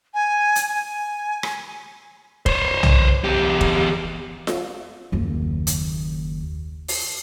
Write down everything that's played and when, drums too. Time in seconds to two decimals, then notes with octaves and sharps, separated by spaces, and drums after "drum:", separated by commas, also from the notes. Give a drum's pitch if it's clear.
0.14 G#5
0.56 drum: hi-hat
0.69 G#5
1.43 drum: rim click
2.46 C5 C#5, drum: kick
2.83 drum: tom
3.24 E2 G4
3.61 drum: kick
4.47 drum: snare F4
5.12 F#1 D#2
5.67 drum: hi-hat
6.88 drum: open hi-hat